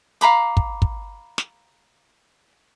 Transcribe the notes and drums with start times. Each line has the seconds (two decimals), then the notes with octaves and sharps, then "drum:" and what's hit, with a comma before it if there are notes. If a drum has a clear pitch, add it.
0.21 F5 A#5 B5 D6, drum: hi-hat
0.57 drum: kick
0.82 drum: kick
1.38 drum: snare